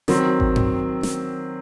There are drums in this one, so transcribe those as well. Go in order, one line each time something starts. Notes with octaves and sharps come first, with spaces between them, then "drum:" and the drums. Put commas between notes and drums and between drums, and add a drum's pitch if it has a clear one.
D#3 F#3 C4, drum: snare
drum: kick G#1
drum: tom G2
drum: snare